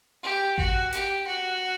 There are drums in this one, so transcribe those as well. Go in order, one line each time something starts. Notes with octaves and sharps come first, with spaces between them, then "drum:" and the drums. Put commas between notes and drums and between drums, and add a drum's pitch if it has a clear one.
G4
F#4, drum: kick G#1
G4, drum: hi-hat
F#4